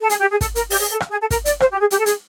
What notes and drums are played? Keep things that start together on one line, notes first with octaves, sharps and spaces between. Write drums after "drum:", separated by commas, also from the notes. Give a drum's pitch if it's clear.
A4
G#4, drum: hi-hat
G4
G#4
A4, drum: kick, hi-hat
A#4, drum: hi-hat
G4, drum: open hi-hat
G#4
A4
drum: rim click
G#4
A4
A#4, drum: kick, hi-hat
D5, drum: hi-hat
C5, drum: rim click
G4
G#4
G4, drum: hi-hat
A4
G#4, drum: hi-hat